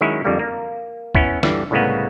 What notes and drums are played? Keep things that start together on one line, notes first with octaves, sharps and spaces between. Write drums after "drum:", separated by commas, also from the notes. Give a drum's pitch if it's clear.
D#3 F#3 G#3 C#4 E4
F2 D3 G3 A#3
A#3
B3 C#4 E4, drum: kick
G2 D3 E3, drum: snare
C2 A2 C#3 G#3 A#3 B3